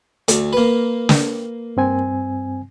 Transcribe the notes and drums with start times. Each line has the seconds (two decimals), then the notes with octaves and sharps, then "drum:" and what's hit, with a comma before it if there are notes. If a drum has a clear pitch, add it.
0.28 D2, drum: hi-hat
0.53 A#3 B4
1.09 drum: snare
1.77 G2 C4 G#5